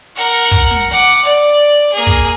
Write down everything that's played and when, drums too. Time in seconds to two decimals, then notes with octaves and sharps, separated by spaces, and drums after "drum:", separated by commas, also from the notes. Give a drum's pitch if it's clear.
0.15 A#4 F#5
0.51 drum: kick
0.71 drum: snare
0.90 F#5 D6
1.25 D5
1.92 A#3 G#4
2.07 drum: kick